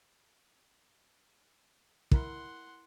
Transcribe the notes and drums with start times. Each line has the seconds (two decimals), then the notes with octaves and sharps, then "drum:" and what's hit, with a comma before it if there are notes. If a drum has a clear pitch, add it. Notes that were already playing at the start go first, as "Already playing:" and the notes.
2.11 E4 A#4 F#5 C6, drum: kick